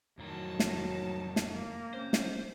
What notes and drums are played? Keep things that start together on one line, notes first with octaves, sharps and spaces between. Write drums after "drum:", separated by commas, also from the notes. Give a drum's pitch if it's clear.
F2 A2 D#3 F#3 A5 A#5
drum: snare
drum: snare
A#3
C3 C4 C#4 C5
drum: snare